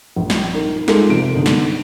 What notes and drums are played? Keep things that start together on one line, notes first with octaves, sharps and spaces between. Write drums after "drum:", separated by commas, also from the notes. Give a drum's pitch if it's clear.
A#1
drum: snare
D#4 A#4
G#3 A3 D#4 F4 A4 A#4, drum: snare
F1 C3 D7
D3 B3 D#4
drum: snare